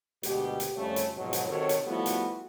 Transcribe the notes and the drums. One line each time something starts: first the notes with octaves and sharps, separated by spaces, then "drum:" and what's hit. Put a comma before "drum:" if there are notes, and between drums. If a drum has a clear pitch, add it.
D2 B2 G#3 G4, drum: hi-hat
drum: hi-hat
F2 C#3 G3 A3 C#5
drum: hi-hat
G#2 B2 F3 F#3
drum: hi-hat
C3 D#3 F#4 A4 C#5
drum: hi-hat
F3 G3 A3 B3 E4 F#4
drum: hi-hat